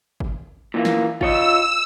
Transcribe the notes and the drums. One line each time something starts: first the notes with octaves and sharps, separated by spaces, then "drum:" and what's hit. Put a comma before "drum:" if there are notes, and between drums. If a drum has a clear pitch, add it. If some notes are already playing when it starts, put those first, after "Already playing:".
drum: kick G1
A#2 E3 A#3
drum: snare
F4 C#5 D#5 E6, drum: kick G1